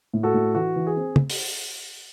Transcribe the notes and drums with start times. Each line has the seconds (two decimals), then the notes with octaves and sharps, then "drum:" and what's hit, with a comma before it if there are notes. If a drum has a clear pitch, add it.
0.13 A2
0.23 F#4 A4
0.34 A2
0.55 E3 F#4
0.76 E3
0.87 G#4
0.97 C4
1.16 drum: tom
1.30 drum: open hi-hat